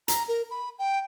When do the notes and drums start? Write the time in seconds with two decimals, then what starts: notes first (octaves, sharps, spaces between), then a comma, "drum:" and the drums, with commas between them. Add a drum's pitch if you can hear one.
0.08 A#5, drum: hi-hat
0.28 A#4
0.51 B5
0.79 G5